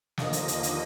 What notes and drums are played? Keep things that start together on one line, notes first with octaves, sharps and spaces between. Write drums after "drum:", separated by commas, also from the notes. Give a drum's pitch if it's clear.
D#2 D3 F3 A#3 D#5, drum: snare
drum: hi-hat
drum: hi-hat
drum: hi-hat